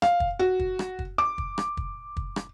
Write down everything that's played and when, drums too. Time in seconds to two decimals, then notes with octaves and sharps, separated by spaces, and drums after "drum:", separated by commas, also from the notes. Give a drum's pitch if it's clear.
0.02 F5, drum: rim click
0.20 drum: kick
0.39 F#4
0.59 drum: kick
0.79 drum: rim click
0.99 drum: kick
1.18 D6
1.38 drum: kick
1.58 drum: rim click
1.77 drum: kick
2.17 drum: kick
2.36 drum: rim click